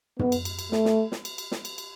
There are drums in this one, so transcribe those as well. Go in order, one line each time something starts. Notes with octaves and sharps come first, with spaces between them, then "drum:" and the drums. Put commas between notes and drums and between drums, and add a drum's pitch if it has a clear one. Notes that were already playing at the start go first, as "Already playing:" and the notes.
B3, drum: tom
drum: cymbal
drum: cymbal
drum: cymbal
A3, drum: snare
drum: snare
drum: snare
drum: cymbal
drum: cymbal
drum: snare
drum: cymbal
drum: cymbal